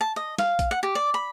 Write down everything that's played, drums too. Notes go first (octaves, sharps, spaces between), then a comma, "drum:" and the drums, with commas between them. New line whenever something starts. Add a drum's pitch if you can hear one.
A5
D#5
F5, drum: snare
drum: kick, hi-hat
F#5
G4
D5
B5